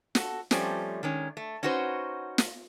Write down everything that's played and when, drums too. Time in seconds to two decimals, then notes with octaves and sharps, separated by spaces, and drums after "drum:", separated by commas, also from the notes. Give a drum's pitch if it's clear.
0.15 F#4 A4, drum: snare
0.51 F3 G3 A3 C4 C#4, drum: snare
1.03 D#3 G#3 C#4
1.37 A3
1.63 C#4 D#4 F#4 B4 C5
2.38 drum: snare